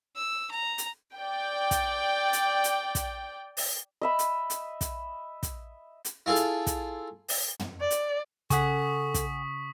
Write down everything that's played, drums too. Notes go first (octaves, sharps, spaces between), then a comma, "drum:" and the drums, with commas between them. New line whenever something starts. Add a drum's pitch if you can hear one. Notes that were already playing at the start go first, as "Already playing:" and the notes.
E6
A#5
drum: hi-hat
D5 G5
drum: kick, hi-hat
drum: hi-hat
drum: hi-hat
drum: kick, hi-hat
drum: open hi-hat
D#5 E5 B5
drum: hi-hat
drum: hi-hat
drum: kick, hi-hat
drum: kick, hi-hat
drum: hi-hat
E4 F4 G#4 A4 F5
drum: hi-hat
drum: kick, hi-hat
drum: open hi-hat
drum: tom
D5
drum: hi-hat
C#3 G#4 A4 F#5 C#6 D#6 B6, drum: kick, hi-hat
drum: kick, hi-hat